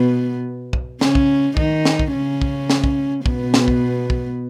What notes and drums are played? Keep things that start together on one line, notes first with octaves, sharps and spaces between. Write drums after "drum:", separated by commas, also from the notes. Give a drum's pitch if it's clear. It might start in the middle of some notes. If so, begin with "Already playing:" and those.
Already playing: B2 B3
drum: kick
C#3 C#4, drum: snare
drum: kick
D#3 D#4, drum: kick
drum: snare
drum: kick
C#3 C#4
drum: kick
drum: snare
drum: kick
B2 B3, drum: kick
drum: snare
drum: kick
drum: kick